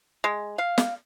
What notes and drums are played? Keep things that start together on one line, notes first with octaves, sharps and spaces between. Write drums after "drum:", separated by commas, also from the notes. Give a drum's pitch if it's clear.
G#3
F5
drum: snare